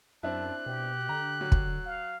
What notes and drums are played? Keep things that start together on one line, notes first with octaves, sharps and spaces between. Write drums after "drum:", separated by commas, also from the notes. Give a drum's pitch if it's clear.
F#2 C4 D4 E4 A5 F#6
B2 G4
D3 A#5
F#3
drum: kick
F5